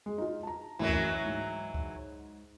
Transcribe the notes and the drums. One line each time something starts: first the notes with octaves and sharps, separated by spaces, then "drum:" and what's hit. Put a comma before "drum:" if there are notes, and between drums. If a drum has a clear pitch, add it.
G#3
D#4 F4
A5 A#5
A1 F#2 E3 F#3
drum: kick C#2
G#2
drum: kick C#2